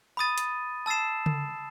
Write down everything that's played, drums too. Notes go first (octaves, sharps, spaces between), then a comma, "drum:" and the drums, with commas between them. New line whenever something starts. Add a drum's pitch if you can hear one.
B5 D#6 A6 D#7
drum: hi-hat
A5 E6 A6 C7 E7
drum: tom C#3